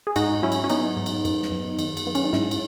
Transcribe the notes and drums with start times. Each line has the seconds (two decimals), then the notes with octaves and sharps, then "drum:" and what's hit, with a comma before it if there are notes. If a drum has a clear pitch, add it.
0.07 G#4
0.16 G#2 D#4 F#4, drum: cymbal
0.42 F#3 C#4 E4
0.52 drum: cymbal
0.64 C#4
0.70 F#3 B3 D#4, drum: cymbal
0.97 G#2
1.06 drum: cymbal
1.25 F#2, drum: cymbal
1.42 drum: snare
1.52 F#2
1.79 D#3, drum: cymbal
1.97 drum: cymbal
2.06 F#3 B3
2.15 C#4, drum: cymbal
2.24 D#4
2.33 G#2 C#4 E4, drum: snare
2.51 drum: cymbal